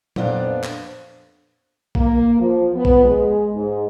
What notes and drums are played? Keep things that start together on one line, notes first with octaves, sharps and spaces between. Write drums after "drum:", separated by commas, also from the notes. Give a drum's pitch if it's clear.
F2 A#2 B3 D4 D5 F5, drum: tom F#3
drum: clap
A#3, drum: kick A#1
F3
B3
drum: kick A#1
G#3
G#2